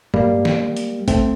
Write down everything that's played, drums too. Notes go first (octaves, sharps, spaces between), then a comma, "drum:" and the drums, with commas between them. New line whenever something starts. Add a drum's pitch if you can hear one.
G3 A#3, drum: tom G2
drum: snare
drum: hi-hat
A3 C4, drum: kick, hi-hat